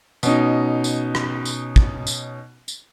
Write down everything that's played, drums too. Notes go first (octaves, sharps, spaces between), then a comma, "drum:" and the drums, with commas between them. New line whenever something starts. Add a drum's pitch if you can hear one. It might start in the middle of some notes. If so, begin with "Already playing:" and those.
B2 C#4 D#4, drum: tambourine
drum: tambourine
drum: rim click
drum: tambourine
drum: kick
drum: tambourine
drum: tambourine